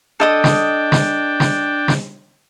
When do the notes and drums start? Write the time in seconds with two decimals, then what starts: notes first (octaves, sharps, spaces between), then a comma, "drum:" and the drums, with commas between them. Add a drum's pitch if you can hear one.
0.20 D4 A4 D#5 G5 D#6
0.44 drum: snare
0.92 drum: snare
1.40 drum: snare
1.88 drum: snare